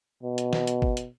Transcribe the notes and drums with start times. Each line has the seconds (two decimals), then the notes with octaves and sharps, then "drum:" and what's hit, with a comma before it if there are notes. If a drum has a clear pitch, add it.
0.23 B2
0.38 drum: hi-hat
0.53 drum: snare
0.67 drum: hi-hat
0.82 drum: kick
0.97 drum: hi-hat